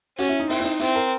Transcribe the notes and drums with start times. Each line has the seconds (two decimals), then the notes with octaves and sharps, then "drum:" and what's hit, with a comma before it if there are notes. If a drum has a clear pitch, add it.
0.18 C#4 F#4, drum: hi-hat
0.29 E4
0.40 D#4
0.50 C4 E4, drum: open hi-hat
0.60 E4
0.65 D#4
0.80 C4 E4, drum: hi-hat
0.95 A#4